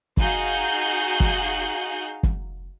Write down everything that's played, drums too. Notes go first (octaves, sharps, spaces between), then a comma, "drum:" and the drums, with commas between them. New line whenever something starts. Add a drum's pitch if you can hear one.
D#4 F#4 G#4 F5 G6, drum: kick
drum: kick
drum: kick